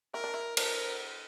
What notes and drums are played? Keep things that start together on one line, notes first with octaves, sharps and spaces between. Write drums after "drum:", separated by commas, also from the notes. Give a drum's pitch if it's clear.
E4 A#4
D4
E4
D4 A#4, drum: cymbal